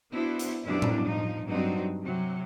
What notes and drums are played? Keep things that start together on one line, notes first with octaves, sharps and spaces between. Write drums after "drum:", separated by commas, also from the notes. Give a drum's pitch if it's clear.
B3 D4 E4 F#4 C5
drum: hi-hat
F#2 B2 F3 G3 D4 E4
drum: tom A2
F3 D#4
G2 F#3 C4 D4 D#4 F#4
C3 F#3